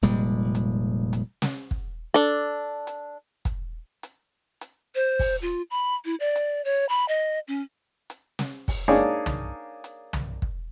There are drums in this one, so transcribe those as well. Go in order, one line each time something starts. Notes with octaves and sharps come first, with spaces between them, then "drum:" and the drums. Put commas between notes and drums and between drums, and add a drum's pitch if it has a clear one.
F1 A#2 G3 G#3
drum: hi-hat
drum: hi-hat
drum: snare
drum: kick
D4 A4
drum: hi-hat
drum: kick, hi-hat
drum: hi-hat
drum: hi-hat
C5
drum: kick, open hi-hat
F4
B5
E4
D5
drum: hi-hat
C#5
B5
D#5
C#4
drum: hi-hat
drum: snare
drum: kick, open hi-hat
A#3 D4 D#4 G#4 C#5 G#5
drum: tom
drum: hi-hat
drum: tom
drum: kick